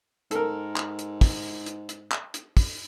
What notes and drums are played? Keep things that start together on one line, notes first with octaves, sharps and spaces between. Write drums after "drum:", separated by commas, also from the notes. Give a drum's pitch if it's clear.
G#2 A4 A#4, drum: hi-hat
drum: clap
drum: hi-hat
drum: kick, open hi-hat
drum: hi-hat
drum: hi-hat
drum: clap
drum: hi-hat
drum: kick, open hi-hat